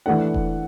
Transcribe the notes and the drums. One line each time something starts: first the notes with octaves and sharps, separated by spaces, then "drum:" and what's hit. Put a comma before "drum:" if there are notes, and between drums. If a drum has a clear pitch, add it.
E3 A3 D4 F#5
drum: kick E1